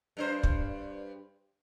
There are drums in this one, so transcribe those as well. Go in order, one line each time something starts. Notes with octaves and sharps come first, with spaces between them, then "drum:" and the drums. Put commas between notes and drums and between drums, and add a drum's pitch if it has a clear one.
G2 D4 C5
drum: kick